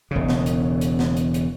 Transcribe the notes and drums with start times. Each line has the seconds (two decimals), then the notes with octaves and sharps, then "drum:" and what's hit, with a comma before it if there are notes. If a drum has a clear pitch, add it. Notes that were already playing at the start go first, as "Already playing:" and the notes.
0.11 E1 C#3
0.29 drum: snare
0.46 drum: hi-hat
0.81 drum: hi-hat
0.99 drum: snare
1.17 drum: hi-hat
1.34 drum: hi-hat